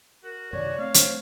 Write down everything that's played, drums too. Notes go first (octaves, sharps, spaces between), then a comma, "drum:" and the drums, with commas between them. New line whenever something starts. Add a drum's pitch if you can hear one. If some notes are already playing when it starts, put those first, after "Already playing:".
F#4 A#4
F#2 C3 D#3 C#5 D5
A3 C4 F5
C5, drum: hi-hat